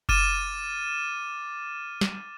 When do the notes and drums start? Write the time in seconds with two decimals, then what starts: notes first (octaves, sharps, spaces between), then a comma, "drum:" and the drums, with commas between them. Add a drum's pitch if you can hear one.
0.09 D6 F6 A6 D#7 E7, drum: kick F#1
2.01 drum: snare